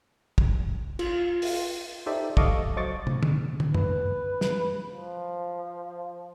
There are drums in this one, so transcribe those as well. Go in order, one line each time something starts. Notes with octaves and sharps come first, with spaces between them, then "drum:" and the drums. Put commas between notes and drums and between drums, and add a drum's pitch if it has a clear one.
drum: kick
F4, drum: cymbal
drum: open hi-hat
D#4 G4 A4 C5 D5 E5
A4 D#5 F5 C#6 D6, drum: kick
F#3 C5 D#5 C#6 D6 A6
drum: tom
drum: tom
drum: tom
B4, drum: tom F#2
drum: snare
F3